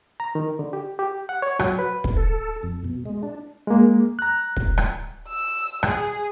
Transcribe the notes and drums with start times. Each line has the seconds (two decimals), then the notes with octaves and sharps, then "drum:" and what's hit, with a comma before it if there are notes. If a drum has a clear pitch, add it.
0.20 A#5
0.35 D#3
0.59 D3
0.73 G4
0.99 G4
1.29 F#5
1.42 C#5
1.59 F#3, drum: rim click
1.79 B4
2.04 drum: kick
2.17 A4
2.63 F2
2.84 B2
3.05 G#3
3.23 D4
3.67 G#3 A#3
4.19 A#5 F#6
4.56 drum: kick
4.78 drum: rim click
5.28 E6
5.83 G#4, drum: rim click